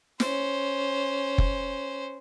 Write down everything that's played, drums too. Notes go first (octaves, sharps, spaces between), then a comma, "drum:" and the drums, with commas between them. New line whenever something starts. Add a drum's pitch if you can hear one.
C#4 C5, drum: snare
drum: kick